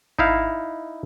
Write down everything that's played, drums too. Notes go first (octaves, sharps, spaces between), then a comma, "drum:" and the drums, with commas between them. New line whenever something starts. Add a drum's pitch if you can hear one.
D#4 E4 F5, drum: kick G#1